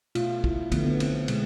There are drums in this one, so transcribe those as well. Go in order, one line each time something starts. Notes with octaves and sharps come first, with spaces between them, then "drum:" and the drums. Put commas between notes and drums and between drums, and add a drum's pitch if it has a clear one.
B2 A3 F4, drum: cymbal
E4, drum: kick
D3 F3 A3 B3, drum: kick, cymbal
B3
C4, drum: cymbal
B2 G#3, drum: cymbal